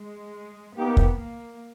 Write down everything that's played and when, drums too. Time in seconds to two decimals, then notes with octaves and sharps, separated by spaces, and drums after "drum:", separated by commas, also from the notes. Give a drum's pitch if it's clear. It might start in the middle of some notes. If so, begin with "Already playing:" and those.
Already playing: G#3
0.75 A#3 B3 D#4 G4 A#4
0.97 drum: kick
1.18 A#3